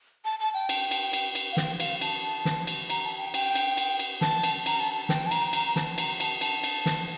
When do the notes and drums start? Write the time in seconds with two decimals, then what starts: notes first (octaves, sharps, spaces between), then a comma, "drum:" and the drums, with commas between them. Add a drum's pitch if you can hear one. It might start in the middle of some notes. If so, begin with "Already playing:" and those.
0.25 A5
0.39 A5
0.54 G5
0.69 drum: cymbal
0.91 drum: cymbal
1.13 drum: cymbal
1.35 drum: cymbal
1.52 F5
1.57 G5, drum: snare
1.80 F5, drum: cymbal
2.01 A5, drum: cymbal
2.45 drum: snare
2.67 drum: cymbal
2.90 A#5, drum: cymbal
3.05 A5
3.18 G5
3.34 G5, drum: cymbal
3.55 drum: cymbal
3.77 drum: cymbal
3.99 drum: cymbal
4.21 A5, drum: snare
4.43 drum: cymbal
4.66 A#5, drum: cymbal
4.80 A5
4.94 A5
5.09 G5, drum: snare
5.26 A5
5.31 A#5, drum: cymbal
5.53 A#5, drum: cymbal
5.67 A#5
5.76 A5, drum: snare
5.98 A#5, drum: cymbal
6.20 A5, drum: cymbal
6.41 A5, drum: cymbal
6.64 drum: cymbal
6.86 drum: snare